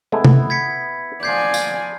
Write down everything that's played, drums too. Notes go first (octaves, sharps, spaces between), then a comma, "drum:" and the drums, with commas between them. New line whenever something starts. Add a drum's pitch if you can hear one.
C3 G#3 A3 B3 E4
drum: tom
G#6 B6 C#7
F3 D5 G#5 D6 G6 G#6 C7
F5, drum: tambourine